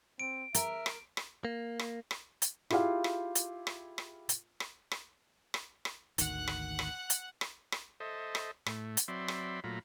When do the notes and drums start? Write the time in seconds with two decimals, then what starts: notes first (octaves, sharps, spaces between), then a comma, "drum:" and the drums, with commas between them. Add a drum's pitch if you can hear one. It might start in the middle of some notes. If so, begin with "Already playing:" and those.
0.20 C4 D7
0.55 A#4 E5, drum: hi-hat
0.86 drum: rim click
1.17 drum: rim click
1.45 A#3
1.79 drum: rim click
2.11 drum: rim click
2.42 drum: hi-hat
2.70 E4 F4 G4 G#4 F5, drum: rim click
3.04 drum: rim click
3.35 drum: hi-hat
3.67 drum: rim click
3.98 drum: rim click
4.29 drum: hi-hat
4.60 drum: rim click
4.91 drum: rim click
5.54 drum: rim click
5.85 drum: rim click
6.18 G#1 D2 D#3 F#5 F#6, drum: hi-hat
6.47 drum: rim click
6.79 drum: rim click
7.10 drum: hi-hat
7.41 drum: rim click
7.72 drum: rim click
8.00 A4 C5 D#5 E5
8.35 drum: rim click
8.66 A2 A3, drum: rim click
8.97 drum: hi-hat
9.08 F#3 C4 D5 E5 B5 C6
9.28 drum: rim click
9.64 A#2 F#3 A3 F4 A#5 B5